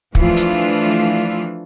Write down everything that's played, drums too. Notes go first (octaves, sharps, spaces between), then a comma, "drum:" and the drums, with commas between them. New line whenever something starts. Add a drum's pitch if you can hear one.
E3 F3 A3 D4 F4, drum: kick
drum: hi-hat